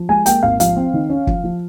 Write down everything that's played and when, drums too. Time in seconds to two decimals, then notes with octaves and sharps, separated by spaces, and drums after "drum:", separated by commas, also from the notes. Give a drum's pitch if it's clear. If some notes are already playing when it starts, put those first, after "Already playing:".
Already playing: F3
0.09 G#3 G#5
0.26 A#3 G5, drum: hi-hat
0.43 G#1 F5
0.60 F3 F5, drum: hi-hat
0.76 C4
0.94 D#3
1.10 C#4
1.27 F3, drum: kick
1.44 F3